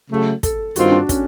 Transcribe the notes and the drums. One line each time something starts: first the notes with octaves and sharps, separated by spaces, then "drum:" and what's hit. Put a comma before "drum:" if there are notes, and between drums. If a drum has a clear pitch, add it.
C#3 F#3 A3
A4, drum: kick, hi-hat
G2 D#3 G3 C4 F4 F#4, drum: hi-hat
D4
C#4, drum: kick, hi-hat